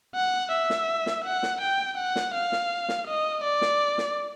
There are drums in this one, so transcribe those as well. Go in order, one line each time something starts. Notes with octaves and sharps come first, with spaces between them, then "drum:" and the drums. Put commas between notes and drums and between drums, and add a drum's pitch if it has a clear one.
F#5
E5
drum: snare
drum: snare
F#5
drum: snare
G5
F#5
drum: snare
F5
drum: snare
drum: snare
D#5
D5
drum: snare
drum: snare